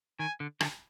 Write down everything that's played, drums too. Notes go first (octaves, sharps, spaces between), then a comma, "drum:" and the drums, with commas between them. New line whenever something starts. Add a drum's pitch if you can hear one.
D#3 G#5
D3
D3, drum: rim click